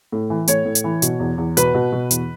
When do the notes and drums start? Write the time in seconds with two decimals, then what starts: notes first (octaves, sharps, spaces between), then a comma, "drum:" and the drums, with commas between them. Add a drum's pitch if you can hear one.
0.12 A2
0.30 E3
0.48 A2 C#5, drum: hi-hat
0.65 A2
0.75 drum: hi-hat
0.84 E3
1.02 B2, drum: hi-hat
1.20 E2
1.38 E2
1.57 B2 B4, drum: hi-hat
1.74 B2
1.92 B2
2.11 E2, drum: hi-hat